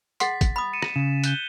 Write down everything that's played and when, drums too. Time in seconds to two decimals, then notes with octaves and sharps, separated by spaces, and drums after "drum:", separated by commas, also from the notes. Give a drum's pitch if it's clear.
0.20 G#4 F#5 C6 A6 B6, drum: hi-hat
0.41 drum: kick, hi-hat
0.56 B5 D#6
0.73 C#7 D#7 E7
0.82 drum: rim click
0.96 C#3 E7
1.24 F#6 G6 G7, drum: hi-hat